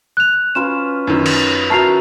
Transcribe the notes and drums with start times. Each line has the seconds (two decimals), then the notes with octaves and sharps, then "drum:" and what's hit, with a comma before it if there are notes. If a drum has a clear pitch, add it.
0.17 F#6 F7
0.55 C#4 F4 B4 E7
1.07 F#2 D#3
1.26 drum: cymbal
1.70 E4 F#4 A#4 A5 C7 F7